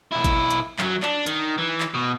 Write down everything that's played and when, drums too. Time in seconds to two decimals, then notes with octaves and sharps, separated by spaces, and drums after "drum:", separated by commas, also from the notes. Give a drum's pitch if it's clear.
0.12 B1 E4
0.24 drum: kick, hi-hat
0.50 drum: hi-hat
0.79 F#2 F#3, drum: clap
1.02 D4, drum: clap
1.26 D#3, drum: hi-hat
1.58 E3
1.80 drum: clap
1.95 B2